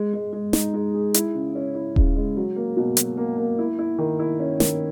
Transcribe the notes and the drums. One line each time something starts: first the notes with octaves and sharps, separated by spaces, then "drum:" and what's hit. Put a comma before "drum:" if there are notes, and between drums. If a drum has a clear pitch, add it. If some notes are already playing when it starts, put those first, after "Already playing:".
Already playing: G#3
G#3
G#3
D#4, drum: snare
G#3
G#4
E4, drum: hi-hat
C#3
C#4
E4
C#3, drum: kick D#1
G#3
F#3
A#3
B2
F#3, drum: hi-hat
A#3
A#3
E4
E4
D#3
E4
C#4
D#3, drum: snare